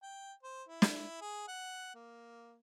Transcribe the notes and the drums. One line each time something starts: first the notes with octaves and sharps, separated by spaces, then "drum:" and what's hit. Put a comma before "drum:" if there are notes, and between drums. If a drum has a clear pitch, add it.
G5
C5
E4
drum: snare
G#4
F#5
A#3